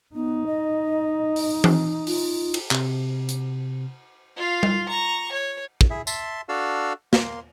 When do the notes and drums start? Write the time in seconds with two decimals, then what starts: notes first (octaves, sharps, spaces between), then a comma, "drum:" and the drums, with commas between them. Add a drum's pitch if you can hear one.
0.15 B3 D#4
0.47 D#5
1.36 drum: open hi-hat
1.64 drum: tom E3
2.07 F4, drum: open hi-hat
2.54 drum: cymbal
2.71 C3, drum: clap
3.29 drum: hi-hat
4.36 F4 F5
4.63 drum: tom G3
4.89 A#5 C#6
5.32 C#5
5.81 drum: kick
5.90 E4 G#4 E5
6.07 E5 A5 C6, drum: tambourine
6.49 D4 F#4 A4 F5 E6
7.13 A#3 C6, drum: snare